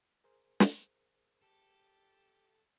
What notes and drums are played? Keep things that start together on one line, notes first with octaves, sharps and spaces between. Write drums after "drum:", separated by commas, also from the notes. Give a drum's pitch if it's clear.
G#4 A#4 C5
drum: snare
G4 A4